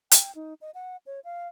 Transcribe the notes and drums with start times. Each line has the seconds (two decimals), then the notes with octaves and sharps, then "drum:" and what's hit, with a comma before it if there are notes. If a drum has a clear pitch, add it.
0.11 G5, drum: hi-hat
0.35 D#4
0.61 D#5
0.75 F#5
1.06 C#5
1.25 F5